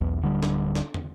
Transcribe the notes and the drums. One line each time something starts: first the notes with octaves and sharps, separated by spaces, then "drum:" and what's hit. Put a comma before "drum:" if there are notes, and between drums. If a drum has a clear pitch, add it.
B1 E2
D1 D3 G3
drum: snare
drum: snare
drum: tom